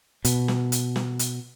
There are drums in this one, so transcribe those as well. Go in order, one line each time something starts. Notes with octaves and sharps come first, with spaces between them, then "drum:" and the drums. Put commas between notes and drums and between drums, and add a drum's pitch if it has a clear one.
B2, drum: hi-hat
drum: snare
drum: hi-hat
drum: snare
drum: hi-hat